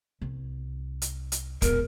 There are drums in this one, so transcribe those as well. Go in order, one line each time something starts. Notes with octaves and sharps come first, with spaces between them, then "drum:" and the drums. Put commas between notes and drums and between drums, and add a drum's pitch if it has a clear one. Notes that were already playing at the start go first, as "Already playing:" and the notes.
C2
drum: hi-hat
drum: hi-hat
E1 A#1 A#4, drum: kick, hi-hat